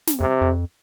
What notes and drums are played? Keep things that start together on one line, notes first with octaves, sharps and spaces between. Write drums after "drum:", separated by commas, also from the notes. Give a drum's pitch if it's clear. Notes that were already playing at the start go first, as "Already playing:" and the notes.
drum: snare
F2 C3
F2